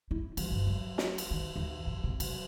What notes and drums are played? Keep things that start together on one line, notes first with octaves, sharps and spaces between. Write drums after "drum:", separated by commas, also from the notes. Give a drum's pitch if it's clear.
E4
F3, drum: cymbal
G1
F#3
drum: snare
drum: cymbal
D#3
D#2
F2
C3
F#3, drum: cymbal